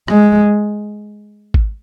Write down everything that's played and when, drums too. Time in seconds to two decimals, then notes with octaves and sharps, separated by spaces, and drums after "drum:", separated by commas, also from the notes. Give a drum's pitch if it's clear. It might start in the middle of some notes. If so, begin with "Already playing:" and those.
0.08 G#3, drum: rim click
1.54 drum: kick G#1